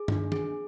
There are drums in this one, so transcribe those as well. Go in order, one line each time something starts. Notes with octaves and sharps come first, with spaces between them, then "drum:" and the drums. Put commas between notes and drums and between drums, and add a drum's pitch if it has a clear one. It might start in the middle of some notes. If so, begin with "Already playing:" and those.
Already playing: G#4
D4, drum: tom G2
G#4, drum: tom D#3